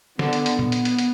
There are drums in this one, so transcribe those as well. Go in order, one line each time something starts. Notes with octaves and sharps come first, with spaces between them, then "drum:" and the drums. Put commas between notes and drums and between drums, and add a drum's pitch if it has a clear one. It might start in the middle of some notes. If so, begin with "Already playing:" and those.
D3 B3, drum: snare
drum: hi-hat
drum: hi-hat
drum: tom A#2
drum: hi-hat
drum: hi-hat
drum: hi-hat